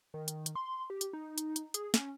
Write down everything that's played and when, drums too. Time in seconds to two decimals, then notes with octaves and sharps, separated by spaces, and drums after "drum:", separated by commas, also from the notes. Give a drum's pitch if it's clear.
0.14 D#3
0.28 drum: hi-hat
0.46 drum: hi-hat
0.55 C6
0.90 G4
1.01 drum: hi-hat
1.13 D#4
1.38 drum: hi-hat
1.56 drum: hi-hat
1.74 G#4, drum: hi-hat
1.94 C#4, drum: snare